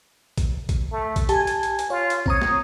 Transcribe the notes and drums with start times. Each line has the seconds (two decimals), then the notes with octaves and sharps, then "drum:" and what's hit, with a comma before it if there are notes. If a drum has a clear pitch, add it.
0.38 drum: kick A#1, hi-hat
0.69 drum: kick A#1, hi-hat
0.92 A3
1.16 drum: kick A#1, hi-hat
1.29 G4 G#5 A5, drum: hi-hat
1.47 drum: hi-hat
1.63 drum: hi-hat
1.79 drum: hi-hat
1.90 F4 C#5
2.10 drum: hi-hat
2.26 C4 C#5 A#5 D#6, drum: kick A#1
2.42 drum: snare